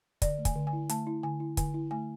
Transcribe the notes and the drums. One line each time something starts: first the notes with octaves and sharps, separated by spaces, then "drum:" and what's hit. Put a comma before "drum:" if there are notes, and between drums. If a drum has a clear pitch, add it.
D3 D5, drum: kick, hi-hat
A3
G#5, drum: kick, hi-hat
D3
G#5
E4
A3 A5, drum: hi-hat
E4
D3 G#5
E4
D3 G#5, drum: kick, hi-hat
E4
A3 G#5